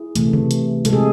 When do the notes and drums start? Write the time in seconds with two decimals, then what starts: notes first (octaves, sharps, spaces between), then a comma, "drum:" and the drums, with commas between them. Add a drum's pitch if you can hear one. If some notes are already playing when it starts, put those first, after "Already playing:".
Already playing: E4 G#4
0.15 C3 E3 A3, drum: hi-hat
0.33 drum: tom C3
0.51 drum: hi-hat
0.85 C3 G#3 A4, drum: hi-hat
0.93 G#4